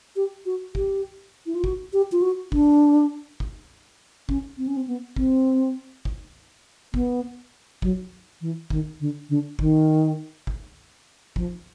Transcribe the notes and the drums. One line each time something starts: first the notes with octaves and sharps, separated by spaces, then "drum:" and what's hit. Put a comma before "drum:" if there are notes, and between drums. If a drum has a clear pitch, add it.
G4
F#4
G4, drum: kick G1
E4
F4
F#4, drum: kick G1
G4
F4
F#4
D4, drum: kick G1
drum: kick G1
C#4, drum: kick G1
C4
C#4
C4
B3
C4, drum: kick G1
drum: kick G1
B3, drum: kick G1
F#3, drum: kick G1
E3
D#3, drum: kick G1
D3
D3
D#3, drum: kick G1
drum: kick G1
F3, drum: kick G1